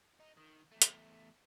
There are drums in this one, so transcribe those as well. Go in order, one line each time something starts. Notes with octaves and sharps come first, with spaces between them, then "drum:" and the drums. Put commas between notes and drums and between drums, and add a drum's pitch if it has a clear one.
D#4
D#3
E2 A3
drum: hi-hat